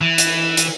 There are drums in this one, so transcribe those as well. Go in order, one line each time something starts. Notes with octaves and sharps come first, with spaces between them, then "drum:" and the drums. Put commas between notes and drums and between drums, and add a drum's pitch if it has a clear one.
E3
drum: hi-hat
drum: hi-hat